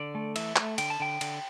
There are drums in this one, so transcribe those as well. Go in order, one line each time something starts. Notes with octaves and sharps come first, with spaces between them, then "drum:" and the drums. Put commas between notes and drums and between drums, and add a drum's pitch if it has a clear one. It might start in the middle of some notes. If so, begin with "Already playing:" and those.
Already playing: D3 D5
A3
E3 E5, drum: cymbal
A3, drum: clap
D3 G5, drum: cymbal
A5
D3 G5
D3, drum: cymbal